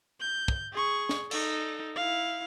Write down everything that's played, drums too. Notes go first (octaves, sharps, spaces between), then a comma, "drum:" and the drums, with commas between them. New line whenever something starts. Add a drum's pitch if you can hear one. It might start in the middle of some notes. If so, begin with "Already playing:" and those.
G6
drum: kick
G#4 C#6
drum: snare
D#4 A4, drum: cymbal
E4 F5